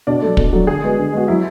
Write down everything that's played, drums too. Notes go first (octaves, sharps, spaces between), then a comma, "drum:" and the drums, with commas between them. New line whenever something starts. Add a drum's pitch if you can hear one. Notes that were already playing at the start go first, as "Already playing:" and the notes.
B2 D4
F#3 A3
B2, drum: kick
F#3 A3
D3 G#4
G#3 B3 F#4
D3
G#3 B3 F#4
F#3 E4